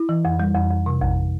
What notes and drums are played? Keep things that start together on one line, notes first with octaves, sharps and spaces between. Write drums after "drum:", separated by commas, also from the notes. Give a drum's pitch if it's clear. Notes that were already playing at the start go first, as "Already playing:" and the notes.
Already playing: E4
E3
F2
G3
F2
F2
C3
F2, drum: kick A1